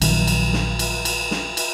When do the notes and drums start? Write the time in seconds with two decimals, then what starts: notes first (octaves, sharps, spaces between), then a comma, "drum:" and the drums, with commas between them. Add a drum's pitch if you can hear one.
0.02 A#1 D#3 F#3, drum: cymbal
0.27 drum: cymbal
0.53 drum: snare
0.79 drum: cymbal
1.05 drum: cymbal
1.31 drum: snare
1.57 drum: cymbal